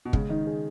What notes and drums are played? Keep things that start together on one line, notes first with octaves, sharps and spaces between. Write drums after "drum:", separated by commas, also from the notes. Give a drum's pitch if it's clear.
B2
C#3 G#3, drum: kick
D#3 D#4
G#4